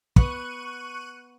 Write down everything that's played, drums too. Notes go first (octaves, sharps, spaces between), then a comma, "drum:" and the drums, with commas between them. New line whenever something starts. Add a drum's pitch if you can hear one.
B3 F#5 C#6 F#6 D#7, drum: kick